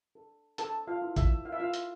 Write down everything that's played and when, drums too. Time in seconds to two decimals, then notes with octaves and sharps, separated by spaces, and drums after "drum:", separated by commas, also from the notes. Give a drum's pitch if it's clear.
0.15 A4
0.58 A4 C5 A5, drum: hi-hat
0.87 F4 F5
1.02 E4
1.16 E5, drum: kick A1, hi-hat
1.44 E4 F5
1.52 E5
1.60 F4 F5
1.74 drum: hi-hat